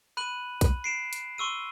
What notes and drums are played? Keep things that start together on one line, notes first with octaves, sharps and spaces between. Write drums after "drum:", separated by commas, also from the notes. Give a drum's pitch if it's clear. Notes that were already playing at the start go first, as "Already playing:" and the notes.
B5 F#6 D#7 F#7
drum: kick C2, hi-hat
C7 D7 E7
drum: hi-hat
C6 C#6 E6 D#7